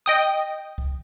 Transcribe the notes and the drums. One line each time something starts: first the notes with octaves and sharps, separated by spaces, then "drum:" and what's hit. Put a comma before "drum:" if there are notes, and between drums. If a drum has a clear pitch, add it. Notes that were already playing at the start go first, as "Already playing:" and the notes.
D#5 G5 D#6
drum: kick C2